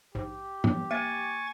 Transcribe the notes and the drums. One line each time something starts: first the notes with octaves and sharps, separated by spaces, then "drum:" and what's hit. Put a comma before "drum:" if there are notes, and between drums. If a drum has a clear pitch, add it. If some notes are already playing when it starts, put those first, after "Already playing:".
A#1 G#2 G4
drum: tom G#2
A#3 E5 G#5 C#6 A6